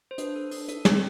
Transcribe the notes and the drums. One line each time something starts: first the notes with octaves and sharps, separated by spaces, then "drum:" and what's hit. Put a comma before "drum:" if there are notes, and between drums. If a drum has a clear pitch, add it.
C5
D4 B4, drum: hi-hat
A4
D4, drum: open hi-hat
A4, drum: hi-hat
C4, drum: snare